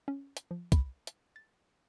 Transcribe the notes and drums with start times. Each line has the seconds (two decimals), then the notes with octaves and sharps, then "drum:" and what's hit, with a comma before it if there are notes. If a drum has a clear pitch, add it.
0.08 C#4
0.37 drum: hi-hat
0.51 F3
0.72 B5, drum: kick, hi-hat
1.07 drum: hi-hat
1.36 A6